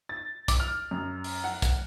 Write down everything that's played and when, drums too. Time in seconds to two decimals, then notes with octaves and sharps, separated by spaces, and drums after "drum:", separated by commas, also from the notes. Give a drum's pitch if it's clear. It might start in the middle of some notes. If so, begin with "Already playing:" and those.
0.09 A6
0.48 D6, drum: kick, hi-hat
0.60 F6
0.91 F#2
1.24 drum: open hi-hat
1.44 F#5
1.62 drum: kick, hi-hat